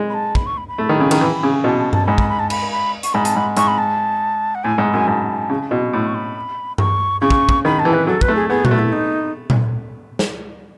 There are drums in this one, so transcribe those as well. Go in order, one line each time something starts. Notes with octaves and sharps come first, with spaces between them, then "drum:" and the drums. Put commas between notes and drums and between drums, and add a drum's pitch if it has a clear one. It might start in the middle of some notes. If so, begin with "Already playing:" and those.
Already playing: G#3
B5
A5
B5, drum: kick
C#6
B5
B5
A3
D#3
C#3
D#3, drum: cymbal
E3
C#3
B2 A5
A5
A5, drum: tom G2
G#2 B5
B5, drum: kick
B5
A5
B5, drum: cymbal
B5
C#6, drum: hi-hat
G#2 B5
A5, drum: hi-hat
G#2 B5
G#2 C#6, drum: hi-hat
B5
A5
F#5
A2 G#5
G#2
F#2 G#5
G#2 A5
C#3
B2
A2 B5
C#6
B5
C#6, drum: tom G2
C#3 C#6
drum: kick
drum: kick
D#3 B5
A5
E3
B4
F#3 A4
B4, drum: kick
A3
G#4
B3 G#4
F#4, drum: tom A#2
A3
E4
D#4
drum: tom A#2
drum: snare